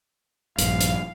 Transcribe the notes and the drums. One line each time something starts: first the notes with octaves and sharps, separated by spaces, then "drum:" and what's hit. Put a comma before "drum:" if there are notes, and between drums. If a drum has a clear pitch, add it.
A#1 G2 F5, drum: hi-hat
drum: hi-hat